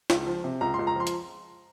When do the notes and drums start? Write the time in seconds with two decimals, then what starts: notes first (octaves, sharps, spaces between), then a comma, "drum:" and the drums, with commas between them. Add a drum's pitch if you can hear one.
0.10 C#2, drum: snare
0.26 F3
0.44 C3
0.61 C#2 A#5
0.74 C#2 C6
0.87 A#5
0.96 F3 C6
1.07 drum: hi-hat